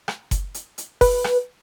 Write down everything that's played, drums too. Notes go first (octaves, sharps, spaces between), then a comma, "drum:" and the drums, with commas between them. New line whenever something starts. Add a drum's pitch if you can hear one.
drum: rim click
drum: kick F#1, hi-hat
drum: hi-hat
drum: hi-hat
B4, drum: kick F#1, open hi-hat
drum: rim click